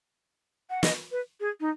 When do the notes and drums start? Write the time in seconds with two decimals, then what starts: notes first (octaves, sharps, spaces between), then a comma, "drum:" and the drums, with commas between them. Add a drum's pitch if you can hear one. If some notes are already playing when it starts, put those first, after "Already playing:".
0.70 F#5
0.83 D#5, drum: snare
1.12 B4
1.40 G#4
1.60 D#4